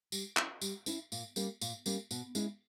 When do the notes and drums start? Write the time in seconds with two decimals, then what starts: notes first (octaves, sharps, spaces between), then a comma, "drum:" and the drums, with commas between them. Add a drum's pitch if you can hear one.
0.12 G3, drum: tambourine
0.37 C#4 E4, drum: clap
0.61 G3, drum: tambourine
0.86 C#4 E4, drum: tambourine
1.12 A#2, drum: tambourine
1.36 G3 A#3 C#4, drum: tambourine
1.61 A#2, drum: tambourine
1.86 G3 A#3 C#4, drum: tambourine
2.11 B2, drum: tambourine
2.35 G#3 C#4 E4, drum: tambourine